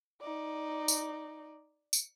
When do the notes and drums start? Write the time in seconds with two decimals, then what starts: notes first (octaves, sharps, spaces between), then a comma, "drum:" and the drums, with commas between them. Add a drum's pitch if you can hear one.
0.21 D#4 D5
0.88 drum: tambourine
1.93 drum: tambourine